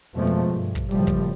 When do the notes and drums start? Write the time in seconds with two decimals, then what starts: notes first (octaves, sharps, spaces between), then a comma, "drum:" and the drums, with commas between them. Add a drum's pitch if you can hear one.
0.14 F2 B2 F3 G#3 A3
0.27 drum: hi-hat
0.51 G2
0.75 drum: kick, hi-hat
0.91 F#1 A2 F3 G3, drum: open hi-hat
1.07 drum: kick, hi-hat